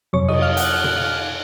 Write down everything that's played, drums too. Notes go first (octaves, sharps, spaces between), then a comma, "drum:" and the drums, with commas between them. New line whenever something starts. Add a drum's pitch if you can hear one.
F2 C3 F#3 C#5 C#6
D#5 D#6, drum: cymbal
F5 F6
F#5 F#6, drum: hi-hat
F6
F#6, drum: tom A#2
F5 F6